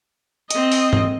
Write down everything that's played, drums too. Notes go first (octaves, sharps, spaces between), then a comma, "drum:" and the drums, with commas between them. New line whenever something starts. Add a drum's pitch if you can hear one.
C4 D#5, drum: hi-hat
drum: open hi-hat
drum: tom G#2